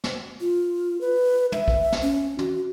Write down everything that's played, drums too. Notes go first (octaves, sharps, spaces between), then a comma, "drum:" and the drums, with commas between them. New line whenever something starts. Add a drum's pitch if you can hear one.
drum: snare
F4
B4
E5, drum: tom
drum: kick
drum: snare
C#4
F#4, drum: tom